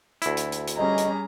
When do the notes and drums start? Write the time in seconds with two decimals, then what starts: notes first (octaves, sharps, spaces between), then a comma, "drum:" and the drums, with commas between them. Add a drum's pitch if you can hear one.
0.22 D2 E4, drum: hi-hat
0.37 drum: hi-hat
0.52 drum: hi-hat
0.67 drum: hi-hat
0.77 G3 C#4 G#4 D#5 A#5
0.98 drum: hi-hat